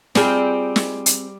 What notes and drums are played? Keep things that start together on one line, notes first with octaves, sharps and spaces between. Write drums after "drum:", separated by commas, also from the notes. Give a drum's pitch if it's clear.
G3 C4 F4 G#4, drum: snare
drum: snare
drum: hi-hat